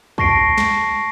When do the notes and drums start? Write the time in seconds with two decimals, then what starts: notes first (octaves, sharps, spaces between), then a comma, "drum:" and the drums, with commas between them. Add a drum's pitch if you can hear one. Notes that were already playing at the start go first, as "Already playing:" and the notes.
0.18 A5 C#6 A#6 C7 D7, drum: kick
0.58 drum: snare